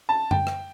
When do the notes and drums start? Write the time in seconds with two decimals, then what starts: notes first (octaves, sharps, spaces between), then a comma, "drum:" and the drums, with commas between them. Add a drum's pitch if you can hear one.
0.09 A5
0.31 G5, drum: tom F#2
0.47 drum: rim click